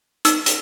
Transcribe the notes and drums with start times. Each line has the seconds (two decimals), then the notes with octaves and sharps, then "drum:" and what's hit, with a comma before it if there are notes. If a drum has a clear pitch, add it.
0.25 D#4 E6, drum: hi-hat
0.46 drum: hi-hat